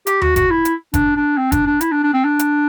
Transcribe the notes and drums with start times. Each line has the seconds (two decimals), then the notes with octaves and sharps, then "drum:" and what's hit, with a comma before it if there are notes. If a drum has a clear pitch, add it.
0.07 G4, drum: hi-hat
0.22 F#4, drum: tom D#2
0.36 F#4, drum: kick F#1, hi-hat
0.51 E4
0.65 drum: hi-hat
0.94 D4, drum: kick F#1, hi-hat
1.17 D4
1.38 C4
1.52 D4, drum: kick F#1, hi-hat
1.67 D4
1.81 E4, drum: hi-hat
1.92 D4
2.03 D4
2.14 C4
2.25 D4
2.39 drum: hi-hat